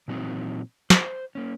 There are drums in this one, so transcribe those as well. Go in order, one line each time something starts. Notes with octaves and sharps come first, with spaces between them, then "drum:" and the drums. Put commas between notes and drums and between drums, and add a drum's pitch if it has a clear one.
A#2 E3 F#3 C4 D#4
C5, drum: snare
A#3 C#4